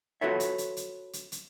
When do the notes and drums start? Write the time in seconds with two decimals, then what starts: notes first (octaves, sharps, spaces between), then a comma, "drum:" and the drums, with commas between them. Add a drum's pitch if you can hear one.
0.21 F4 F#4 A4 B4 C#5 E5
0.40 drum: hi-hat
0.58 drum: hi-hat
0.77 drum: hi-hat
1.13 drum: hi-hat
1.32 drum: hi-hat